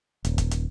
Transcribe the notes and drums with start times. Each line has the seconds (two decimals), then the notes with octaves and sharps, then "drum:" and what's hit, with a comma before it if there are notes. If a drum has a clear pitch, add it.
0.25 D#1, drum: hi-hat
0.38 drum: kick, hi-hat
0.51 drum: hi-hat